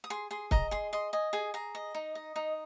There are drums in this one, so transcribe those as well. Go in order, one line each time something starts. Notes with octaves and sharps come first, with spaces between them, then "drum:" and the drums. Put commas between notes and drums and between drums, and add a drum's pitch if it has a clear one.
D#6
G#4 C6
G#4 C6
D#5 A#5, drum: kick
G#4 C6
D#5 C6
D#5 G#5
G#4 G#5
G#4 A#5
D#5
D#4
D#5
D#4